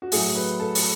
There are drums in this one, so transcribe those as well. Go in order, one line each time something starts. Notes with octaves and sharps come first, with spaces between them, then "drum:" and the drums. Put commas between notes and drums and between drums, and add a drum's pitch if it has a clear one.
F#4
A2 F#3 A3 G#4, drum: open hi-hat
B4
A4
drum: open hi-hat